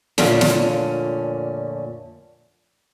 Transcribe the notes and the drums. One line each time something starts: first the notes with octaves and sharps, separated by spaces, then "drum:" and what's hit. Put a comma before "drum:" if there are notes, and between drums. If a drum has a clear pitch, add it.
F2 A#2 D3 A3 C#4, drum: snare
drum: snare